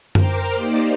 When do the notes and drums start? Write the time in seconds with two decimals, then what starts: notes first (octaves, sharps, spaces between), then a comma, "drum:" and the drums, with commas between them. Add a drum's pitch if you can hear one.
0.15 A#4 C5 G5 A#5 D6 F6, drum: tom F#2
0.55 A#3 D#4 G4 C5 D5